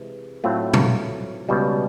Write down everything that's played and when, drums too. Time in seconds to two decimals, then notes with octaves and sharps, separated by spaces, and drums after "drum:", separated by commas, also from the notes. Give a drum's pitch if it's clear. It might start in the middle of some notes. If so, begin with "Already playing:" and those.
Already playing: C3 E3 G#3
0.44 A2 F#3 A3 C4 F4
0.74 drum: tom
1.49 C#2 B2 G3